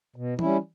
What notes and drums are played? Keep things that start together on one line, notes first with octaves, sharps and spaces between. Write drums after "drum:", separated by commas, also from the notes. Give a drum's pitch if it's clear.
B2
G3 C#4 E4, drum: tom E3